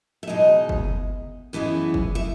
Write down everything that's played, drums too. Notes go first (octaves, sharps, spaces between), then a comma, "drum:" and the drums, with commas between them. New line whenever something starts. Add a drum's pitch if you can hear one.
E5
E2 B2 G#3 D#4 D#5
drum: kick
F#2 E3 G#3 B3
drum: kick
E5